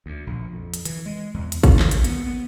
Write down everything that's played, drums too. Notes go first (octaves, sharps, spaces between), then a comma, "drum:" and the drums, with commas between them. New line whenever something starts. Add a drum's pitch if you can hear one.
D2
A#1
F2
drum: hi-hat
E3, drum: hi-hat
G#3
E2
drum: hi-hat
C#3, drum: kick, hi-hat
D#3, drum: clap
drum: hi-hat
B3, drum: hi-hat
B3